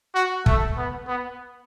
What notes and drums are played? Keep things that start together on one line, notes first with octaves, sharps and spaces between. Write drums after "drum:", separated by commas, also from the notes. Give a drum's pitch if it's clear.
F#4
A3, drum: kick
B3
B3